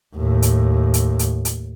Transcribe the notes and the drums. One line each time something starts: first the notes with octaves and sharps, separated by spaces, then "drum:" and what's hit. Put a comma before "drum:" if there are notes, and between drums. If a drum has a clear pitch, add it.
D#2 A2
drum: hi-hat
drum: hi-hat
drum: hi-hat
drum: hi-hat